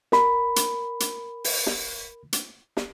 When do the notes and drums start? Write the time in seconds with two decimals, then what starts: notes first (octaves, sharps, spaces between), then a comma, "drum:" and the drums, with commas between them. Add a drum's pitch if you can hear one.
0.12 A#4 B5, drum: snare
0.56 drum: hi-hat
1.00 drum: hi-hat
1.44 drum: open hi-hat
1.66 drum: snare
2.33 drum: hi-hat
2.77 drum: snare